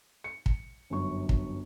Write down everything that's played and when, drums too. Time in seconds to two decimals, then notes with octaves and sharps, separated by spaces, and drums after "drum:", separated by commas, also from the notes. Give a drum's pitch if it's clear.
0.24 C#7
0.46 drum: kick
0.90 G1 F#2 C#6
1.29 drum: kick